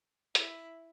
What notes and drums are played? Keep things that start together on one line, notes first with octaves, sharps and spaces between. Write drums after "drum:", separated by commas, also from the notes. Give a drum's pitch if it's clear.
E4, drum: hi-hat